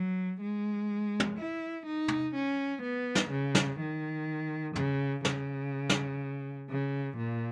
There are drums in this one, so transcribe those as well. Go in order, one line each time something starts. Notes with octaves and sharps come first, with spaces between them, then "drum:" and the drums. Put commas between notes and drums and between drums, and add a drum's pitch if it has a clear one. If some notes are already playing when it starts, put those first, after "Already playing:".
Already playing: F#3
G#3
drum: tom
E4
D#4
drum: tom
C#4
B3
drum: snare
C#3
drum: snare
D#3
C#3, drum: tom
C#3, drum: snare
drum: snare
C#3
A#2